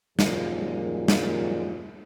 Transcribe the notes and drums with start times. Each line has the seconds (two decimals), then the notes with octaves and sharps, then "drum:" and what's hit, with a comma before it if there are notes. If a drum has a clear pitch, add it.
0.19 F#2 A#2 D#3 F3 G3 G#3, drum: snare
1.08 drum: snare